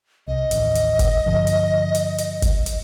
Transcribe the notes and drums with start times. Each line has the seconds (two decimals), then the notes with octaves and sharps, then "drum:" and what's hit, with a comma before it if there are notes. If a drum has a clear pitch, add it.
0.28 C2 D#5
0.51 A1 D#2, drum: hi-hat
0.75 drum: hi-hat
0.99 drum: kick, hi-hat
1.26 G2 D3 F3
1.47 drum: hi-hat
1.95 drum: hi-hat
2.18 drum: hi-hat
2.42 drum: kick, hi-hat
2.66 drum: hi-hat